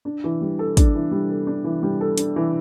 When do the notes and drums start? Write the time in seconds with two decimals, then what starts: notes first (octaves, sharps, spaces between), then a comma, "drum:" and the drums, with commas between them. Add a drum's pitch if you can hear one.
0.05 D4
0.24 E3
0.41 G3
0.59 A4
0.77 D4, drum: kick, hi-hat
0.94 E3
1.11 G3
1.30 A4
1.47 D4
1.64 E3
1.83 G3
2.01 A4
2.18 D4, drum: hi-hat
2.36 E3